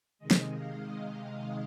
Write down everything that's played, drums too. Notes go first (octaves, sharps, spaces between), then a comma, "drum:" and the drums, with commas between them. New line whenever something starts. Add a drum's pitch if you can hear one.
C3 D#3 G#3 D#5
drum: snare
F5